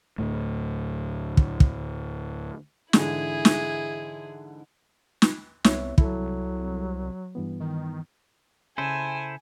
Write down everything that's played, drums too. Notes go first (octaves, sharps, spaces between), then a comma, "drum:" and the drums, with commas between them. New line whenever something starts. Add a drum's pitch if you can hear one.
D2 A2 A3
drum: kick
drum: kick
G#2 D3 E3 E4 G#4, drum: snare
drum: snare
drum: snare
C2 B3 C#5 E5, drum: snare
C2 F#3 E4 A4, drum: kick
G2 E3 B3
D#3
C#3 E4 A4 C5 G#5